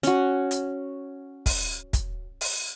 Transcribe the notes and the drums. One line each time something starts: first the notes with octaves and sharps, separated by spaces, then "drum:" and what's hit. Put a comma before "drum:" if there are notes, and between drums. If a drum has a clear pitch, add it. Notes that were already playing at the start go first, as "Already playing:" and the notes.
C#4 F#4, drum: hi-hat
drum: hi-hat
drum: kick, open hi-hat
drum: kick, hi-hat
drum: open hi-hat